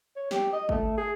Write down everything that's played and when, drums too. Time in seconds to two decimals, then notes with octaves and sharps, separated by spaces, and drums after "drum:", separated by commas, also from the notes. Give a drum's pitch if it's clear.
0.16 C#5
0.31 G4, drum: snare
0.52 D#5
0.69 A3, drum: kick
0.97 G#4